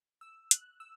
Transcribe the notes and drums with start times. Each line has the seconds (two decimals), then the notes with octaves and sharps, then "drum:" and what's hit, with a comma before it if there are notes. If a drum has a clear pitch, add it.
0.21 E6
0.51 F#6, drum: hi-hat
0.80 E6